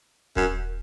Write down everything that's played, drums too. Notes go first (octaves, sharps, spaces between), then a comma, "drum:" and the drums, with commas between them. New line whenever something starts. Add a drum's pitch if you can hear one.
F#2, drum: kick D#1